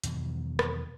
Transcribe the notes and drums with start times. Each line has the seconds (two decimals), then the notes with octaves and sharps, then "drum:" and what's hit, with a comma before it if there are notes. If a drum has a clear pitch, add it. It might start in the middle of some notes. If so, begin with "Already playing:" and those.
0.04 E2 B2 D#3 F#3, drum: hi-hat
0.59 drum: rim click